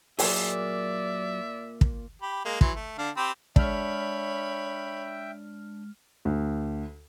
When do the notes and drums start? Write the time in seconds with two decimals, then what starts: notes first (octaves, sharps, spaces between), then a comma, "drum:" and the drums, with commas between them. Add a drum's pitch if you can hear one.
0.19 A#2 F#3 G#4 D5 E5, drum: open hi-hat
1.81 drum: kick
2.22 G4 B5
2.45 G#3 A#3
2.61 E3 F#3 C6, drum: kick
2.75 A3
2.98 D3 D4 F5
3.17 C4 G4 B5
3.56 G#3 D4 C#5 E5 G5 B5 F6, drum: kick
6.25 D2